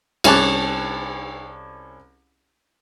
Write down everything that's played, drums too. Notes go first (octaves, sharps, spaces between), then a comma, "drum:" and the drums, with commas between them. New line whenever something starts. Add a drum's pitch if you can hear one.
C2 C#4 G#4 A5 D6 F#6, drum: cymbal